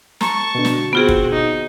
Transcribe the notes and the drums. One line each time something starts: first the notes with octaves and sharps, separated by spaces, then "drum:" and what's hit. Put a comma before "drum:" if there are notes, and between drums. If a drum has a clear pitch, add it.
A5 A#5 C#6, drum: snare
B2 D3
drum: snare
B3 C4 F4 F#4 G#4
drum: kick
D#4